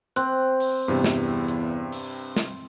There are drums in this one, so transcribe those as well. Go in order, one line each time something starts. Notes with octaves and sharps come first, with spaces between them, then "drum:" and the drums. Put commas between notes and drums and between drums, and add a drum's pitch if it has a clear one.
C4 F#6, drum: hi-hat
drum: open hi-hat
E2 G2 C3
drum: snare
drum: hi-hat
drum: open hi-hat
drum: snare